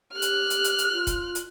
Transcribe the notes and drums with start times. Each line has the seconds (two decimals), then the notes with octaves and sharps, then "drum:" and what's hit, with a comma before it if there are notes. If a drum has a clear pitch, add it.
0.13 G4 F6 F#6
0.22 drum: hi-hat
0.50 drum: hi-hat
0.64 drum: hi-hat
0.79 drum: hi-hat
0.93 F4
1.07 drum: kick, hi-hat
1.35 drum: hi-hat